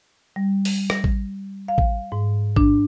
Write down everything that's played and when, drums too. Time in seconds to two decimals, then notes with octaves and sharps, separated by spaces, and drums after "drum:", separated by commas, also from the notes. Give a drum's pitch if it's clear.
0.36 G3
0.65 drum: open hi-hat
0.90 A#6, drum: rim click
1.04 drum: kick A1
1.68 F5
1.78 drum: kick A1
2.12 G#2
2.56 D4, drum: kick A1